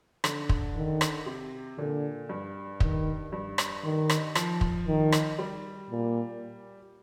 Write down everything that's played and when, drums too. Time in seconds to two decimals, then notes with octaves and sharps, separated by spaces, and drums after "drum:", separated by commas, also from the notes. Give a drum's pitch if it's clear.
0.24 D3, drum: rim click
0.49 drum: kick
0.75 D#3
1.01 drum: rim click
1.26 C3
1.78 A#2 D3
2.29 G2
2.80 D#3, drum: kick
3.32 G2
3.58 drum: rim click
3.84 D#3
4.10 drum: rim click
4.35 F3, drum: rim click
4.61 drum: kick
4.87 D#3
5.12 drum: rim click
5.39 G3
5.90 A#2